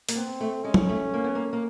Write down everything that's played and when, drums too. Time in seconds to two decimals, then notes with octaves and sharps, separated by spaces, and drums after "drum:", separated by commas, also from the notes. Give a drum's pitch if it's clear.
0.09 A#3, drum: open hi-hat
0.15 B3 C4
0.41 A3
0.64 G#3 C#4
0.74 drum: tom F#3
0.89 A3
1.14 A#3
1.24 B3
1.35 A#3
1.53 A#3